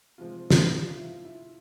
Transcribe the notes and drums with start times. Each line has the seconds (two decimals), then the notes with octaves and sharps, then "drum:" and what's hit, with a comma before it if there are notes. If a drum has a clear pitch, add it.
0.18 C3 F3 G#3 C4 F4
0.50 E4, drum: snare
0.83 F4
0.97 E4
1.04 F4
1.25 E4